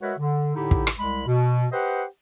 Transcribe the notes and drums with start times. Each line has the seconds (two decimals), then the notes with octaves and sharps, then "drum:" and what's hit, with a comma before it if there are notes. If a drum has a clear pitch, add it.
0.02 G#3 F#4 A#4 B4 C#5 E5
0.18 D3
0.55 A2 D3 D#4 E4 G4
0.71 drum: kick
0.87 drum: rim click
0.98 C2 G#3 B5
1.26 B2
1.72 G4 B4 C5 D#5 F#5